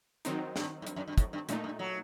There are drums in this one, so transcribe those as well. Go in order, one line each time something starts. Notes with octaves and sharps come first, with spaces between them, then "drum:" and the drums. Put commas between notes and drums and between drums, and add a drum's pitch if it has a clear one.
D#3 F#3 C4 D#4, drum: hi-hat
G2, drum: snare
A2
G2, drum: hi-hat
F#2
G2
A2, drum: kick, hi-hat
G2
F#2 A#2 A3 D#4, drum: hi-hat
G2
F#3